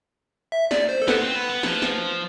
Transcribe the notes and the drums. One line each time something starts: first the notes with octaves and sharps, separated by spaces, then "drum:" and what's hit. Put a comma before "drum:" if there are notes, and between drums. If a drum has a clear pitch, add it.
E5
D5, drum: snare
C5
A4
B3 B4, drum: snare
C4
B3
B3
F3, drum: snare
drum: snare